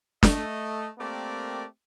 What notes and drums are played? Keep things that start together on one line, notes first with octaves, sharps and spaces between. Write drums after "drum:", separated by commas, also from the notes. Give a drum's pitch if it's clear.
A3 D#5, drum: snare
A3 A#3 C4 G4 A#4 D5